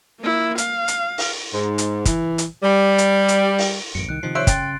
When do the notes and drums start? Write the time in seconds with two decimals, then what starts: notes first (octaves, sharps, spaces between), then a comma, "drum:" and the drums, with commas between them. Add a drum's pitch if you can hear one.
0.20 A#3 E4
0.58 F5, drum: hi-hat
0.88 drum: hi-hat
1.18 drum: open hi-hat
1.52 G#2
1.78 drum: hi-hat
2.05 E3, drum: kick, hi-hat
2.38 drum: hi-hat
2.63 G3
2.98 drum: hi-hat
3.28 drum: hi-hat
3.58 drum: open hi-hat
3.95 A1 F#2 C#7 D7
4.09 C2 D#3 F#6
4.23 C3 D#3 F3 C7
4.35 C5 C#5 E5 C6 F#6 D7
4.47 C#3 G5 F#6 A6, drum: kick, hi-hat